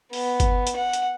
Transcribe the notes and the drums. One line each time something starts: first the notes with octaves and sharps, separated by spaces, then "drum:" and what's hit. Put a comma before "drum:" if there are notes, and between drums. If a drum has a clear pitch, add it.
B3, drum: open hi-hat
drum: kick G1, hi-hat
drum: hi-hat
F#5
drum: hi-hat